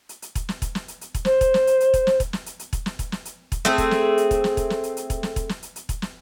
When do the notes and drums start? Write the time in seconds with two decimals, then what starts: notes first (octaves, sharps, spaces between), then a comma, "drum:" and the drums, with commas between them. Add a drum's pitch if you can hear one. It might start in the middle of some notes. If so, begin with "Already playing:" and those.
0.09 drum: hi-hat
0.22 drum: hi-hat
0.35 drum: kick E1, hi-hat
0.49 drum: snare
0.62 drum: kick E1, hi-hat
0.75 drum: snare
0.88 drum: hi-hat
1.01 drum: hi-hat
1.15 drum: kick E1, hi-hat
1.25 C5, drum: snare
1.41 drum: kick E1, hi-hat
1.54 drum: snare
1.67 drum: hi-hat
1.80 drum: hi-hat
1.94 drum: kick E1, hi-hat
2.07 drum: snare
2.20 drum: kick E1, hi-hat
2.33 drum: snare
2.46 drum: hi-hat
2.59 drum: hi-hat
2.73 drum: kick E1, hi-hat
2.86 drum: snare
2.99 drum: kick E1, hi-hat
3.12 drum: snare
3.25 drum: hi-hat
3.52 drum: kick E1, hi-hat
3.65 A3 C4 G#4, drum: snare
3.78 drum: kick E1, hi-hat
3.91 drum: snare
4.18 drum: hi-hat
4.31 drum: kick E1, hi-hat
4.44 drum: snare
4.57 drum: kick E1, hi-hat
4.70 drum: snare
4.83 drum: hi-hat
4.97 drum: hi-hat
5.10 drum: kick E1, hi-hat
5.23 drum: snare
5.36 drum: kick E1, hi-hat
5.49 drum: snare
5.63 drum: hi-hat
5.76 drum: hi-hat
5.89 drum: kick E1, hi-hat
6.02 drum: snare